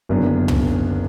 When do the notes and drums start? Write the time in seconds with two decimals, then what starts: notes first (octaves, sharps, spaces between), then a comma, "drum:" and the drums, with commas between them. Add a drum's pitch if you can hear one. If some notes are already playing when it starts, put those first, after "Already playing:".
0.09 F#1 F#2 D3 F#3 B3
0.48 drum: tom